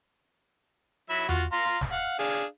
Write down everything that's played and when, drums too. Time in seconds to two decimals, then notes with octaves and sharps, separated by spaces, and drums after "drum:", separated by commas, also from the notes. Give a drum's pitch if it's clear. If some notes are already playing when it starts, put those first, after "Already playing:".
1.10 F#3 E5 B5
1.29 F4 F#4, drum: tom E2
1.52 F5 A#5 C6
1.81 drum: snare
1.92 F5 F#5
2.19 D4 G#4 F5
2.34 drum: hi-hat